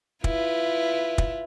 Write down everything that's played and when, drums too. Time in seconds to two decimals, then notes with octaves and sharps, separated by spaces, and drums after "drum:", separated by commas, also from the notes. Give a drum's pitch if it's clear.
0.24 E4 F4 B4, drum: kick
1.18 drum: kick